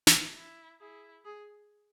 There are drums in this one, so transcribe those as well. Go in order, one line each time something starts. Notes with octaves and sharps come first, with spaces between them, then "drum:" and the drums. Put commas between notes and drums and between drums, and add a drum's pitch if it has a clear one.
drum: snare
E4
E4 G#4
G#4